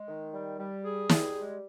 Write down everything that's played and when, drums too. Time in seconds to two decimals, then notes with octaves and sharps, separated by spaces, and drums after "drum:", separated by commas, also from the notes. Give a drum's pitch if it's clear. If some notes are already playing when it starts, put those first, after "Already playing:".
Already playing: G#3
0.08 D#3
0.34 G3
0.58 G3
0.84 G#4
1.09 G3, drum: snare
1.35 G#3